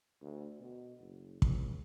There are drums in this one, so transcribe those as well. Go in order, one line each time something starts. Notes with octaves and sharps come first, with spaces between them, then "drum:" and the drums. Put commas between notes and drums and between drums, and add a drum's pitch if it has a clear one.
D2
B2
F#1
C#2, drum: kick